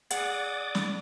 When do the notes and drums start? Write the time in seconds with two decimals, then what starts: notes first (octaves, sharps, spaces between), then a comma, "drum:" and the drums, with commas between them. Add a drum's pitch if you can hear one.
0.11 G#4 D5 F#5 D6 D#6, drum: hi-hat
0.75 drum: snare